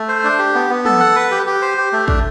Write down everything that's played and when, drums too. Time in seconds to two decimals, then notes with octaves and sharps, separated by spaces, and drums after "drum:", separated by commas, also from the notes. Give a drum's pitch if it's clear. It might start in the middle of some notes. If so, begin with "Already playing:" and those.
Already playing: A3
0.08 C5
0.24 D4
0.39 G4
0.54 B3
0.70 B3
0.85 A4, drum: tom
1.00 F#5
1.16 B4
1.31 G4
1.47 G4
1.62 C5
1.78 G4
1.92 A3
2.08 D4, drum: kick